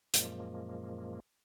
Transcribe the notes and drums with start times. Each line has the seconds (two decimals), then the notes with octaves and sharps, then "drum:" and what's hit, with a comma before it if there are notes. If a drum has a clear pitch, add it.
0.14 F#2 A#2 F3 G#3 A#3, drum: hi-hat